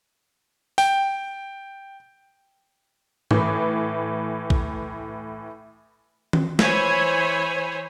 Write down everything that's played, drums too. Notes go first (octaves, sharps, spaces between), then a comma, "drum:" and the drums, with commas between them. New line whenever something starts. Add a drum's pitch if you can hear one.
G5, drum: open hi-hat
A2 E3, drum: tom G#2
drum: kick
drum: tom D#3
E3 C5 C#5 G#5 B5, drum: snare